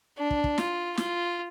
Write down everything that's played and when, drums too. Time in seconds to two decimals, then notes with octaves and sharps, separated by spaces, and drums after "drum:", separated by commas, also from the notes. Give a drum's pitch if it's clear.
0.18 D4
0.31 drum: kick
0.44 drum: kick
0.58 F4, drum: snare
0.97 F4, drum: snare